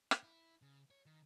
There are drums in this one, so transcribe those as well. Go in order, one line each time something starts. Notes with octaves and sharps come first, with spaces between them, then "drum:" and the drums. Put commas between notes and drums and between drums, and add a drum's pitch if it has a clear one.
drum: rim click
E4
C#3
C#5
D#3